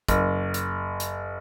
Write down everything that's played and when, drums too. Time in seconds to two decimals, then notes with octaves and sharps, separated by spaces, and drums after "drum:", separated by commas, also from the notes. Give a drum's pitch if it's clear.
0.08 F#1, drum: kick, hi-hat
0.54 drum: hi-hat
1.00 drum: hi-hat